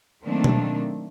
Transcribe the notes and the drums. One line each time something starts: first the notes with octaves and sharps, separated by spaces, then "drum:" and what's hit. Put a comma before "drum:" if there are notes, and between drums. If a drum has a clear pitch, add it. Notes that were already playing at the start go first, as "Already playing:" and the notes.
D#3 F#3 A3 A#3 C4 D4
drum: tom B2